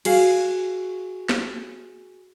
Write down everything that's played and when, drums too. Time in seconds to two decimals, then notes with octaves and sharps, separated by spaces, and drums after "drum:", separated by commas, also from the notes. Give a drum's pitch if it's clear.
0.05 F#4 G#4 F5, drum: cymbal
1.29 drum: snare